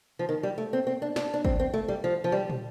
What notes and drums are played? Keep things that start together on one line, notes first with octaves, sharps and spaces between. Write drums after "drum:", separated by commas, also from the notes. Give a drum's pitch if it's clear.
F3
D#3
G3
A3
C4
C4
D4
D4, drum: snare
D4
C4, drum: kick
C4
A3
G3
F3
F3
G3
drum: tom